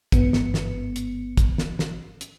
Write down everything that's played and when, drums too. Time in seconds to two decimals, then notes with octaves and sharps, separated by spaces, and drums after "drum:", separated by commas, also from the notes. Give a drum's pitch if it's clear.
0.12 G1 G#2 B3 C#7, drum: kick, hi-hat
0.33 drum: snare
0.54 drum: snare
0.96 drum: hi-hat
1.37 drum: kick, hi-hat
1.58 drum: snare
1.79 drum: snare
2.21 drum: hi-hat